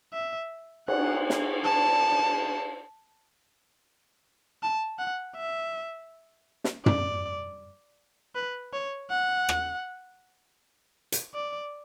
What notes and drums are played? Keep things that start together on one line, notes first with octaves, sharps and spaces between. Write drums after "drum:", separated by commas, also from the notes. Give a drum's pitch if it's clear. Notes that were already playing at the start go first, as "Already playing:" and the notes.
E5
F#5, drum: cymbal
drum: snare
A5
A5
F#5
E5
drum: snare
D5, drum: tom
B4
C#5
F#5
drum: rim click
drum: hi-hat
D5